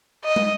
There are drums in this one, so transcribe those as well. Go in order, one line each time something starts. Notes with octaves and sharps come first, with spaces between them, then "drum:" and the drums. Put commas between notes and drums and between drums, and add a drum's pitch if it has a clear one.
D#5
drum: tom